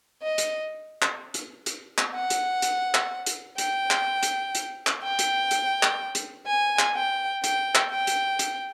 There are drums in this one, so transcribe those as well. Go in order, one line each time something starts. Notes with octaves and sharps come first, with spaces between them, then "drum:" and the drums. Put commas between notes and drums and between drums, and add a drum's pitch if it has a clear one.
D#5
drum: hi-hat
drum: clap
drum: hi-hat
drum: hi-hat
drum: clap
F#5
drum: hi-hat
drum: hi-hat
drum: clap
drum: hi-hat
G5, drum: hi-hat
drum: clap
drum: hi-hat
drum: hi-hat
drum: clap
G5
drum: hi-hat
drum: hi-hat
drum: clap
drum: hi-hat
G#5
drum: clap
G5
G5, drum: hi-hat
drum: clap
G5
drum: hi-hat
drum: hi-hat